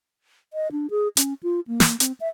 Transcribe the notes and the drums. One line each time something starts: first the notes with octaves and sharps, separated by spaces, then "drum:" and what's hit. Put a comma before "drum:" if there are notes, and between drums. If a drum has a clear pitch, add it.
D#5
D4
G#4
C#4, drum: hi-hat
F4
A#3
drum: snare
C4, drum: hi-hat
E5